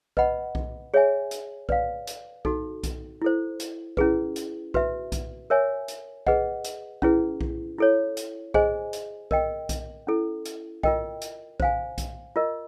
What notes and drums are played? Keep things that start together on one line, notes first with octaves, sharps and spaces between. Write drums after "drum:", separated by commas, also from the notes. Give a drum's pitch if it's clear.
B4 D#5 F#5 B5, drum: kick B1
drum: kick B1
G#4 C#5 E5 G#5
drum: hi-hat
B4 D5 F5, drum: kick B1
drum: hi-hat
D#4 F#4 A4, drum: kick B1
drum: kick B1, hi-hat
E4 A4 C5
drum: hi-hat
C#4 E4 G#4 B4, drum: kick B1
drum: hi-hat
F#4 B4 E5, drum: kick B1
drum: kick B1, hi-hat
A#4 C#5 E5 G#5
drum: hi-hat
G#4 B4 D#5 F#5, drum: kick B1
drum: hi-hat
C#4 E4 G#4 B4, drum: kick B1
drum: kick B1
E4 A4 C#5
drum: hi-hat
G#4 C5 D#5 G#5, drum: kick B1
drum: hi-hat
A#4 D#5 G5, drum: kick B1
drum: kick B1, hi-hat
C#4 E4 A4
drum: hi-hat
F4 A#4 D#5 G5, drum: kick B1
drum: hi-hat
C5 F5 G#5, drum: kick B1
drum: kick B1, hi-hat
F4 A#4 D#5